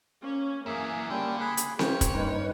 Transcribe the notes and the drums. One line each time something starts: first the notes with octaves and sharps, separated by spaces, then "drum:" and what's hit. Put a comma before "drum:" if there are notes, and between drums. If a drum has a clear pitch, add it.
A#3 C#4
F#2 E3 A#3 G#4 E5
D3 G3 C#4 G5
G#4 B5 F#6
drum: hi-hat
A#3 C#4 C5 C#5 G5, drum: snare C4
drum: kick, hi-hat
G2 D#4 B4